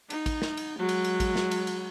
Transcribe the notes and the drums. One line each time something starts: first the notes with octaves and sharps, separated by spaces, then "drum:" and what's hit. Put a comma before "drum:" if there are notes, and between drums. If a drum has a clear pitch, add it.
D#4, drum: cymbal
drum: kick A1, cymbal
drum: snare
drum: cymbal
F#3 G#3
drum: cymbal
drum: cymbal
drum: kick A1, cymbal
drum: snare
drum: cymbal
drum: cymbal